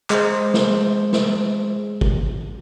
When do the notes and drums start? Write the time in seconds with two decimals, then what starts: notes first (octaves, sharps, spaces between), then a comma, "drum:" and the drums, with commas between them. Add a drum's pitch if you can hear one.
0.10 G#3 C5, drum: clap
0.54 drum: snare
1.13 drum: snare
2.01 drum: kick